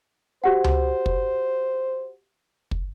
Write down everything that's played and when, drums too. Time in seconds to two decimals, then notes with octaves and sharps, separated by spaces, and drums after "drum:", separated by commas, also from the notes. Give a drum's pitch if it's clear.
0.44 F#4 G4 C5 F#5
0.64 drum: tom C#2
1.06 drum: kick
2.71 drum: kick